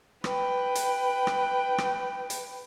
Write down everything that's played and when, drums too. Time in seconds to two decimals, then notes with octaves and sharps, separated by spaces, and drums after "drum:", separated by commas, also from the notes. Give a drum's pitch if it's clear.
0.24 B4 G5, drum: rim click
0.75 drum: hi-hat
1.27 drum: rim click
1.78 drum: rim click
2.30 drum: hi-hat